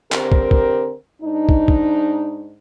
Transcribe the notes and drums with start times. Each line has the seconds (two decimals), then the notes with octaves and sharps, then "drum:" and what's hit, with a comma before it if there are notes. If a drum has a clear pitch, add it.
0.12 D3 C4 G4 A#4, drum: clap
0.32 drum: kick
0.51 drum: kick
1.23 G#2 D4 D#4
1.49 drum: kick
1.68 drum: kick